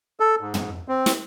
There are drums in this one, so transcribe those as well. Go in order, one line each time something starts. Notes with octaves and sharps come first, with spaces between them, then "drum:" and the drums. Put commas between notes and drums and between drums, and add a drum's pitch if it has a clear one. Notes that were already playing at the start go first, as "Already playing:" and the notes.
A4
G#2
drum: tom
C4
drum: snare